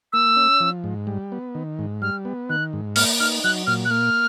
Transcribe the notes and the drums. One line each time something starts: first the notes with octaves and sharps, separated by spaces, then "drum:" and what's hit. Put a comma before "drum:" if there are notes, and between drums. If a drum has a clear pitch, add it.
A#3 E6
C#4
F3
G#2
G3
B3
D#3
G#2
G3 F6
B3
D#3 F#6
G#2
A#3 F6, drum: open hi-hat
D#4 F6
F#3 F#6
A#2 F6
F#6
A#3 F6